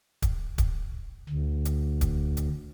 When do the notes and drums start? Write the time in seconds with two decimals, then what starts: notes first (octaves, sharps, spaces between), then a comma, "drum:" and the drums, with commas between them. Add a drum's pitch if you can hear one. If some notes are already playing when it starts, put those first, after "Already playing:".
0.22 drum: kick, hi-hat
0.58 drum: kick, hi-hat
1.30 D2
1.65 drum: hi-hat
2.01 drum: kick, hi-hat
2.37 drum: hi-hat